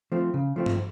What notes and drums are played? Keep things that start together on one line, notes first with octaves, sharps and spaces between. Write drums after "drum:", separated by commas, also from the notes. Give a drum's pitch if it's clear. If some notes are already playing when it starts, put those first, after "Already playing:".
F3 A3 C4
C#3
F3 A3 C4
drum: tom G2